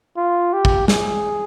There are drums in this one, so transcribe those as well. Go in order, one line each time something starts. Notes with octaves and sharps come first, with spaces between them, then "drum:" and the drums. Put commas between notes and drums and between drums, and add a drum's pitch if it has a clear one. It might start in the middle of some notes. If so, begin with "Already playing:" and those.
F4
G4
drum: kick
G#4, drum: snare